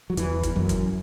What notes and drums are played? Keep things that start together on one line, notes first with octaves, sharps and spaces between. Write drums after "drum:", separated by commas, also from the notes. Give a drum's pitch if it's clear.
F#3
E2 E3, drum: hi-hat
drum: kick G#1, hi-hat
F#2 F#3
drum: kick G#1, hi-hat